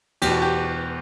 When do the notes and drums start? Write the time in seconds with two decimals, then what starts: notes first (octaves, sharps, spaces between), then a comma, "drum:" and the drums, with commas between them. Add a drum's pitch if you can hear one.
0.22 E2 B2 G4, drum: cymbal
0.32 F#4
0.42 G4